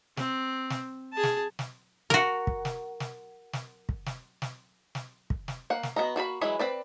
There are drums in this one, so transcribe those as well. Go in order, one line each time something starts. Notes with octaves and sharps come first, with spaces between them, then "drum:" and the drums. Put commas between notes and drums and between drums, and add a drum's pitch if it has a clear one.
C4, drum: snare
drum: snare
G#4 A5
drum: snare
drum: snare
F#4 A#4, drum: snare
drum: kick
drum: snare
drum: snare
drum: snare
drum: kick
drum: snare
drum: snare
drum: snare
drum: kick
drum: snare
A#3 F#5
drum: snare
B3 F#4 D#5 A#5
A#3 F#4 D5 B5
E3 F#3 G#3 E4 B5
C4 B4 D5